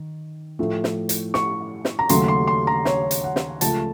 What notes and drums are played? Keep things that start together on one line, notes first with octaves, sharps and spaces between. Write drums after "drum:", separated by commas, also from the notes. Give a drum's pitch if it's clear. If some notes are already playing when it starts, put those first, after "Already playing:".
Already playing: D#3
A2 F3 A3
drum: snare
drum: hi-hat
C#6, drum: snare
drum: snare
A#5
D#2 C#3 F#3 A3 C6, drum: hi-hat
C6
C6
A#5
C#5, drum: snare
drum: hi-hat
F#5
drum: snare
C#2 C#3 F3 A3 A5, drum: hi-hat